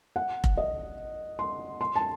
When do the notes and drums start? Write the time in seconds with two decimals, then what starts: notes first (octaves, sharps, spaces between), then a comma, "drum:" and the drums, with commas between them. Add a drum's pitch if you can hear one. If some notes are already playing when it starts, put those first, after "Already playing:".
0.16 F#5
0.44 drum: kick F1
0.57 D#5
1.39 C6
1.81 C6
1.96 A5